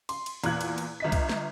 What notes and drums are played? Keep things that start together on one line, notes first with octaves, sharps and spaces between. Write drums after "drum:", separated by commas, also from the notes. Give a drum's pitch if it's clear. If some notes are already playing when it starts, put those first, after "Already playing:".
C6, drum: cymbal
drum: cymbal
E2 A#2 F4 F#6 G#6, drum: cymbal
drum: cymbal
drum: cymbal
G1 D#5 B6
drum: kick, cymbal
drum: snare